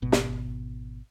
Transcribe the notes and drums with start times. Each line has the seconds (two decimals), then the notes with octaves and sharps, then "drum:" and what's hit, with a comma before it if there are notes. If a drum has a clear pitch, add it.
0.02 G#1 B2
0.12 drum: snare